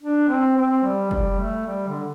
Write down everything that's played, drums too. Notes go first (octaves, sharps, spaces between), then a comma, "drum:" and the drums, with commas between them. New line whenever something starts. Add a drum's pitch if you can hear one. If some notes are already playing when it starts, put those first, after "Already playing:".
D4
C4
C4
G3
G3, drum: kick
A3
G3
D3